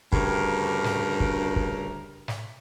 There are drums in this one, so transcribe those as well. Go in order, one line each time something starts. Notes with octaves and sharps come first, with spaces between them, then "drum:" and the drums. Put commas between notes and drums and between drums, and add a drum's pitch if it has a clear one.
D2 G2 C#3 A#4, drum: kick
drum: snare
drum: kick
drum: kick
drum: snare